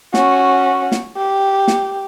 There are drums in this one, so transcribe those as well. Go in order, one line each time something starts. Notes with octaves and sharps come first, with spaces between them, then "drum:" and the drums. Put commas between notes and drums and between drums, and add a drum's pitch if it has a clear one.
C#4 F#4, drum: snare
drum: snare
G4
drum: snare